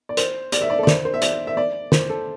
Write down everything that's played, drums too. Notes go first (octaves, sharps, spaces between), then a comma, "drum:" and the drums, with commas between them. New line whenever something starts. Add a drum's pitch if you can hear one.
D5
C5, drum: hi-hat
D5, drum: hi-hat
E5
D5
A4
D5
C5, drum: snare
C5
E5
D5, drum: hi-hat
E5
D5
C5, drum: snare
A4